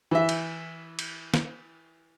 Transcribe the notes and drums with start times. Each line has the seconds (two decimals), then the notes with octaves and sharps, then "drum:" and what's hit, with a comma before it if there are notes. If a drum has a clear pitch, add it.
0.11 E3 E5
0.29 drum: cymbal
0.99 drum: cymbal
1.34 drum: snare